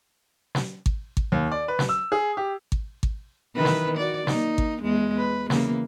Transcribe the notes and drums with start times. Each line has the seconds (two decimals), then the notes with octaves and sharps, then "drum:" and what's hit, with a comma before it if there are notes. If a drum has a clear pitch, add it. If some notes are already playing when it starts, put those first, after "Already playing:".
0.55 drum: snare
0.86 drum: kick G#1
1.17 drum: kick G#1
1.32 D#2
1.52 D5
1.68 B4
1.79 drum: snare
1.89 E6
2.12 G#4
2.37 G4
2.72 drum: kick G#1
3.03 drum: kick G#1
3.55 D#3 E3 B4
3.65 drum: snare
3.97 F#4 D5
4.27 A#3 D#4, drum: snare
4.58 drum: kick G#1
4.82 E2 G#3
5.16 B4
5.50 C#3 E3 A#3, drum: snare